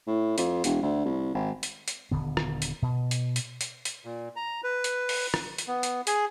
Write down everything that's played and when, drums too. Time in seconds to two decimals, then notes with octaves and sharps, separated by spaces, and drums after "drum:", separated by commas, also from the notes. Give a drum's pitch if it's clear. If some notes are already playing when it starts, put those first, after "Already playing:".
0.07 A2
0.38 F2, drum: hi-hat
0.64 E1, drum: hi-hat
0.82 D2
1.05 C2
1.34 G#1
1.63 drum: hi-hat
1.88 drum: hi-hat
2.11 D#1 D3 B3
2.37 drum: rim click
2.62 drum: hi-hat
2.82 B2
3.11 drum: hi-hat
3.36 drum: hi-hat
3.61 drum: hi-hat
3.85 drum: hi-hat
4.05 A#2
4.36 A#5
4.64 B4
4.84 drum: hi-hat
5.09 drum: open hi-hat
5.34 drum: rim click
5.58 drum: hi-hat
5.68 B3
5.83 drum: hi-hat
6.07 G#4, drum: hi-hat